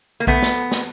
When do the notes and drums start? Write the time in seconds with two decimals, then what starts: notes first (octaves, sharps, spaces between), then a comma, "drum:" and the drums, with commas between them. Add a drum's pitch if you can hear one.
0.20 A#3
0.27 A3 B3, drum: kick
0.42 drum: snare
0.71 drum: snare